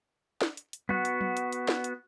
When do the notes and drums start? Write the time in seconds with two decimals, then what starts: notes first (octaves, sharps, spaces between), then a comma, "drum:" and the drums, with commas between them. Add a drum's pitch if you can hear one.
0.42 drum: snare
0.57 drum: hi-hat
0.73 drum: hi-hat
0.89 B3 F#4, drum: tom F#3
1.05 drum: hi-hat
1.21 drum: tom F#3
1.37 drum: hi-hat
1.53 drum: hi-hat
1.68 drum: snare
1.84 drum: hi-hat